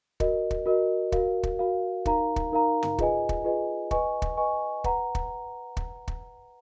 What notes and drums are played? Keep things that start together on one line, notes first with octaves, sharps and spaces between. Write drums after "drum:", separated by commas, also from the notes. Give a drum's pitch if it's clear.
F#4 A#4 D#5, drum: kick
drum: kick
F#4 A#4 D#5
F#4 A#4 F5, drum: kick
drum: kick
F#4 A#4 F5
D#4 A#4 F5 A#5, drum: kick
drum: kick
D#4 A#4 F5 A#5
drum: tom
F4 G#4 B4 D#5 G#5, drum: kick
drum: kick
F4 G#4 B4 D#5 G#5
B4 D#5 G#5 C#6, drum: kick
drum: kick
B4 D#5 G#5 C#6
B4 F#5 A#5, drum: kick
drum: kick
drum: kick
drum: kick